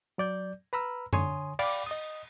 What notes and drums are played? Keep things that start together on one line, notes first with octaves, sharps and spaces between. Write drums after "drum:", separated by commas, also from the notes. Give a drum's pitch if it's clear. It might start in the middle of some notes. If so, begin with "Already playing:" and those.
F#3 D5 G6
B4 A#5 B5 E6 F6
D3 C#5 G#5 C6 D#6, drum: tom F#2
D5 F5 G5 B5 D6, drum: cymbal
D#5 D#6